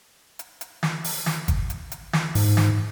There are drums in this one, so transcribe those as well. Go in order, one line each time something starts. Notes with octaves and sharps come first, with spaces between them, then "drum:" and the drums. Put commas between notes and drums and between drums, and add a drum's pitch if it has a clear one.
drum: hi-hat
drum: hi-hat
drum: snare
drum: open hi-hat
drum: snare
drum: kick, hi-hat
drum: hi-hat
drum: hi-hat
drum: snare
G#2, drum: open hi-hat
drum: snare